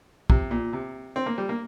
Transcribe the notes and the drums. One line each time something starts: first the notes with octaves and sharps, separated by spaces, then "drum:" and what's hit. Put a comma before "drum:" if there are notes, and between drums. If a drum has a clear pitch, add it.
C3, drum: kick
A#2
C3
C4
A#3
G3
A#3